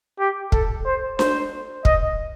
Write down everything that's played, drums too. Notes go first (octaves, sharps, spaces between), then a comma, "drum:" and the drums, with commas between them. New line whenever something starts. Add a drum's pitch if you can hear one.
G4
A4, drum: kick
C5
C5, drum: snare D4
D#5, drum: kick